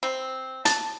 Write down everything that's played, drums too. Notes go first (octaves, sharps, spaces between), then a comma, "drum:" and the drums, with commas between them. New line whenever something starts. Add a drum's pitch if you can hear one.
C4
A5, drum: hi-hat